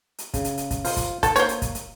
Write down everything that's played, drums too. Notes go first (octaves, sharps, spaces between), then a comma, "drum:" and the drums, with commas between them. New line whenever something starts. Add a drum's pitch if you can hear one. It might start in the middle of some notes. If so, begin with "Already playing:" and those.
drum: hi-hat
C#3, drum: kick, hi-hat
drum: hi-hat
drum: hi-hat
drum: kick, hi-hat
F4 C5 F5, drum: open hi-hat
drum: kick, hi-hat
A4, drum: kick, hi-hat
A#3 C5 C#5, drum: hi-hat
drum: hi-hat
drum: kick, hi-hat
drum: hi-hat